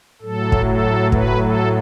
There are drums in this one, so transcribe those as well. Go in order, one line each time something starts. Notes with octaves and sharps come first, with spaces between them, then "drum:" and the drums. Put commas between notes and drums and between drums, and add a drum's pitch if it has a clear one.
A2 F#3 A4
drum: kick
A4
B4, drum: kick
A4